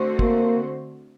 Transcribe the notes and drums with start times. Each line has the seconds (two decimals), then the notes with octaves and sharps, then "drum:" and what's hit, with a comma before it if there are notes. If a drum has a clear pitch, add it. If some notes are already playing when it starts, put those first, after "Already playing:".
Already playing: D3 A3 C4 F#4 C5
0.19 A#3, drum: kick